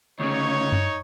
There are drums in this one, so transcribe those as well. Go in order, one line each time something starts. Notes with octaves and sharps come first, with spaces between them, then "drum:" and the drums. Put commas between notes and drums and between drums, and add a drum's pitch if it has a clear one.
D2 C#3 D#4 C#5
drum: tom F#2